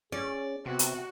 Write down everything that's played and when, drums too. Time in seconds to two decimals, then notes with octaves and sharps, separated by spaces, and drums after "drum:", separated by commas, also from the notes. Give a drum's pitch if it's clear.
0.12 C#4 G#4 D5
0.66 C3 B3 F#4
0.79 drum: hi-hat